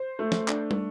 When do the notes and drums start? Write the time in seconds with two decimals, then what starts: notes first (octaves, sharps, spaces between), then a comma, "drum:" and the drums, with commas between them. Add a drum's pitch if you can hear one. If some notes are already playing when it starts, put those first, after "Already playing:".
Already playing: C5
0.19 A3
0.32 drum: snare
0.48 D4, drum: clap
0.71 drum: tom